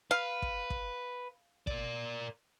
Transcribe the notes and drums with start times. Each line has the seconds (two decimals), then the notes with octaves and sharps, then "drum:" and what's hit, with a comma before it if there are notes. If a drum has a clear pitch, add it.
0.11 B4 F5
0.42 drum: kick
0.70 drum: kick
1.67 A#4 D5, drum: kick